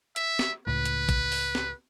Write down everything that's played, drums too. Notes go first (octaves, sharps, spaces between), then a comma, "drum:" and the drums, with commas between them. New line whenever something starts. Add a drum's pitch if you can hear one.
E5, drum: hi-hat
drum: snare
C#2 A2 B4
drum: hi-hat
drum: kick A#1, hi-hat
drum: open hi-hat
drum: snare